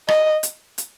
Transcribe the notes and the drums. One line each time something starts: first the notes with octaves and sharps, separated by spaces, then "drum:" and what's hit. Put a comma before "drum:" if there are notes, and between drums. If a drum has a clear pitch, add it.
D#5, drum: rim click
drum: hi-hat
drum: hi-hat